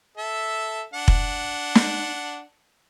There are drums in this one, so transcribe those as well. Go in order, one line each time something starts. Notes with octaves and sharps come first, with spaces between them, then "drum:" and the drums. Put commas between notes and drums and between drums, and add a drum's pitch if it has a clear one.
A4 E5
D4 F#5
drum: kick
drum: snare